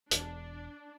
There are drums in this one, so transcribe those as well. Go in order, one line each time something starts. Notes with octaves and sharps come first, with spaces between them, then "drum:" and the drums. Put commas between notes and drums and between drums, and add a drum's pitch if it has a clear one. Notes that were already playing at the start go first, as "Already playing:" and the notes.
E1 E2 D4, drum: hi-hat